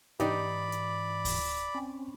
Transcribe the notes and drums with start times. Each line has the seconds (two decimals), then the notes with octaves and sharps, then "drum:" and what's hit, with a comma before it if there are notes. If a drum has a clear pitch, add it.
0.20 G#2 E3 D4 D#4 G4 D5 B5, drum: hi-hat
0.72 drum: hi-hat
1.25 drum: kick D2, open hi-hat
1.75 C4 C#4